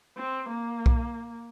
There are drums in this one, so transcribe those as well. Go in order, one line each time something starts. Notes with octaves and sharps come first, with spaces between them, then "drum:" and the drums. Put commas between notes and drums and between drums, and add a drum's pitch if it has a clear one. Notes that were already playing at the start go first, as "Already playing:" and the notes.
C4
A#3
drum: kick B1